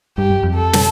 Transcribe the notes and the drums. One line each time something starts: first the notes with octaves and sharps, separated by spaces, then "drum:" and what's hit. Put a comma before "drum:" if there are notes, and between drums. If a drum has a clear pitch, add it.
G2 G4
F#2
F2
A4
drum: snare